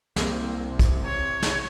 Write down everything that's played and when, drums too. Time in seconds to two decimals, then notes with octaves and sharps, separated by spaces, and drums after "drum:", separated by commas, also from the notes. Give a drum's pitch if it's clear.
0.16 C2 A#3 C4, drum: snare
0.69 C3
0.79 drum: kick, hi-hat
1.06 C#5
1.43 drum: snare